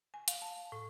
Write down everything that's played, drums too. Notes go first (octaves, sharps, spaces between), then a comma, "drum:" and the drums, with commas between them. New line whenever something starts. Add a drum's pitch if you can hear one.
G#5
F5, drum: hi-hat
A5
A2